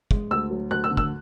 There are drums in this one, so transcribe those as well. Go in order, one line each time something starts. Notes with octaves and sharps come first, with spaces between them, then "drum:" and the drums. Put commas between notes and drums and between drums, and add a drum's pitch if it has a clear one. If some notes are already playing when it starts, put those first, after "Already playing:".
G#3, drum: kick
D2 E6
F#3
D2 F#6
E6
D3
E6, drum: kick